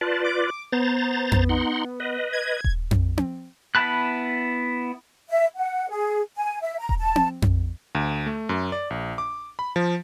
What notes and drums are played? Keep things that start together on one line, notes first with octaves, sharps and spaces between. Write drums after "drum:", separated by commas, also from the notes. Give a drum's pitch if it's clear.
F4 B4 D5 A5
D6
B3 C5 A#5 A6
drum: tom F2
D#4 F#5 C6
B4 D#5
G#6
drum: kick D#1
drum: tom F2
drum: tom C4
B3 E4 A5 B5 F#6
E5
F#5
G#4
G#5
E5
A#5
drum: kick D#1
A5
drum: tom C4
drum: tom F2
D2
A3
F#2
D5
A#1
D6
B5
F3